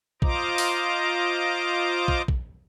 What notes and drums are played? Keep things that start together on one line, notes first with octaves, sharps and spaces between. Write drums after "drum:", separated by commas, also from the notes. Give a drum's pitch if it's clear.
F4 C5 D#5 A#5 D6, drum: kick
drum: open hi-hat
drum: kick
drum: kick